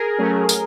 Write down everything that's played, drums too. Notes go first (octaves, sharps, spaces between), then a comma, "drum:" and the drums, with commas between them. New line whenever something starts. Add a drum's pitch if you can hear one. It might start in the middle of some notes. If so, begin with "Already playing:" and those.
Already playing: G#4 A#4
F#3 A3 C#4
drum: tambourine